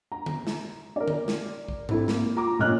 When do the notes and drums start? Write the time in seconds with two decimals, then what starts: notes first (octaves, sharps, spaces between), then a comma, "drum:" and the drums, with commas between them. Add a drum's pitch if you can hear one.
0.12 A#5
0.26 drum: tom D3
0.47 drum: snare
0.96 A#4 D5
1.08 drum: tom D3
1.28 drum: snare
1.68 drum: kick
1.89 C4 E4 A4, drum: tom G#2
2.08 A#3, drum: snare
2.36 F4 A#5 D6
2.59 A1 A#2 C#4 D#5 F6 F#6